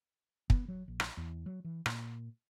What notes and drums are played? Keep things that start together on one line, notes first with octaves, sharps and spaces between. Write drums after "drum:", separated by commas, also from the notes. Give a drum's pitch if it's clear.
B3, drum: kick
F#3
A#1
drum: rim click
E2
F#3
E3
A#2, drum: rim click